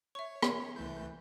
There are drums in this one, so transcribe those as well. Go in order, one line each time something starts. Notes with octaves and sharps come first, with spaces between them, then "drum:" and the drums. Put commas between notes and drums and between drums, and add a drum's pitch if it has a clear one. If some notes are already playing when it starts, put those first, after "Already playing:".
C#5 E5 C#6
drum: rim click
C2 E3 A3 G6